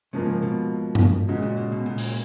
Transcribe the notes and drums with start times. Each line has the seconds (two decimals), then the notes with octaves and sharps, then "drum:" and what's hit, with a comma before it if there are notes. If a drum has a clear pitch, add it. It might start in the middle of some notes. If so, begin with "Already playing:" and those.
0.13 G#2 C#3 F3 A#3
0.42 B2
0.95 drum: tom G2
1.28 A#2 C#3 G#3 C#4 F#4
1.42 A#2
1.57 A#2
1.72 B2
1.86 A#2
1.98 drum: open hi-hat